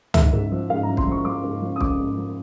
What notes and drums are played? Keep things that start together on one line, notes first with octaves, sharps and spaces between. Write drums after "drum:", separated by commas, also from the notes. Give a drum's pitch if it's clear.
G#2 E5, drum: tom C#2
G#2
F3
G#2 F5
A#5
F3
C6, drum: kick
F3 C#6
F3 D6
G#2
F3
D#6
F3 D6, drum: kick
G#2
F3